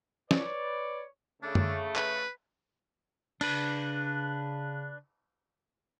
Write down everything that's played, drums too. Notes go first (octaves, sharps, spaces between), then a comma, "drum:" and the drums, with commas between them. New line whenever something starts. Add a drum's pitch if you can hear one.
B4 C#5 D5, drum: snare
C#3 A3 D4
drum: tom
B4, drum: clap
C#3 D4 B4, drum: cymbal